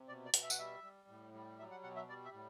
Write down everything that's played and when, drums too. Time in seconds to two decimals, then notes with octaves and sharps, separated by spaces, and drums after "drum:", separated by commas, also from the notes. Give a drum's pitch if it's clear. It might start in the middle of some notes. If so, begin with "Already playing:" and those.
Already playing: C3
0.08 B2 D5
0.25 D5
0.34 B2, drum: hi-hat
0.43 E5
0.50 F#5, drum: tambourine
0.59 G3 E5
0.84 G3
1.08 A2
1.34 G3
1.59 F#3 E5
1.71 F#5
1.83 B2 F#5
1.96 E5
2.09 G3 D5
2.25 E5
2.33 A2